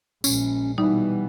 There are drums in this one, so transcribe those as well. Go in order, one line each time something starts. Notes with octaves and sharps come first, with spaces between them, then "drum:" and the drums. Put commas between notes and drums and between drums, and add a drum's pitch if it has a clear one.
A#1 G#3 C#4, drum: tambourine
B2 E3 G3 B3 D#4